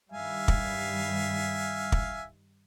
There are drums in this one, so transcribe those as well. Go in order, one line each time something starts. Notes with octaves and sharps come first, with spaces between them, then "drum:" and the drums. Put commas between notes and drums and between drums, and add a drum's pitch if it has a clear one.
G2 D#3 G3 E5 F5 G#5
drum: kick
drum: kick